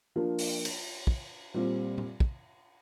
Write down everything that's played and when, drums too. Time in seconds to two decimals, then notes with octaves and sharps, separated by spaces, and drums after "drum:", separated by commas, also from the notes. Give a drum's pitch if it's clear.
0.16 F3 A#3 D4 F4
0.38 drum: open hi-hat
0.65 drum: cymbal
1.07 drum: kick
1.54 A#2 G3 C4 F4
1.98 drum: tom
2.20 drum: kick